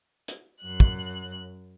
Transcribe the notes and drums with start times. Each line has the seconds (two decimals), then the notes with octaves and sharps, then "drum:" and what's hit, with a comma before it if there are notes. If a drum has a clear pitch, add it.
0.28 drum: hi-hat
0.61 F#2 F#6
0.80 drum: kick